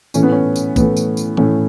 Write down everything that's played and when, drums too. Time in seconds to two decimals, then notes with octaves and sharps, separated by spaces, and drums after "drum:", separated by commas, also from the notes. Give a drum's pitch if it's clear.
0.14 A2 E3 A3 C#4, drum: tambourine
0.23 B3
0.32 C#4
0.56 drum: tambourine
0.76 A2 E3 A3 B3, drum: kick, tambourine
0.97 drum: tambourine
1.17 drum: tambourine
1.37 A2 E3 A3 C#4, drum: tom D#3